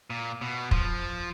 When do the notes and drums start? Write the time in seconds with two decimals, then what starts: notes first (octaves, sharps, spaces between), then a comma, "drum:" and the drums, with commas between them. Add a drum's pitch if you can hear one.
0.10 A#2
0.41 B2
0.71 F3, drum: kick